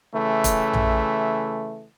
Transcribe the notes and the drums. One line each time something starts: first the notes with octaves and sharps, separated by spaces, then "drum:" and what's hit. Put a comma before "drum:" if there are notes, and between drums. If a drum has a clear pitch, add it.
C#3 E3 A3
drum: kick E1, hi-hat
drum: tom A#1